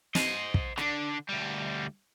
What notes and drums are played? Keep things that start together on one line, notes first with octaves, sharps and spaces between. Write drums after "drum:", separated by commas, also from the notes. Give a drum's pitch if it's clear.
C5 D#5, drum: snare
drum: kick
D3 D4, drum: rim click
D2 G3